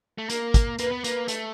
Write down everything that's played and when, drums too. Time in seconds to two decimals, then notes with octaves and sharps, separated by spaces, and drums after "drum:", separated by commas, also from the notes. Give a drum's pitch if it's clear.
0.18 A3
0.30 A#3 A#4, drum: hi-hat
0.54 drum: kick, hi-hat
0.79 A#3 B4, drum: hi-hat
0.91 B3
1.04 A#3, drum: hi-hat
1.28 A3, drum: hi-hat